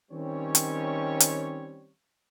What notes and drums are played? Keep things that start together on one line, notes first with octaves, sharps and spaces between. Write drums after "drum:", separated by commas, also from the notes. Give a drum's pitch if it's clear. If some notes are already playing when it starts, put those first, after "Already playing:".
D#3 G3 C4 C#4 C#5
drum: hi-hat
drum: hi-hat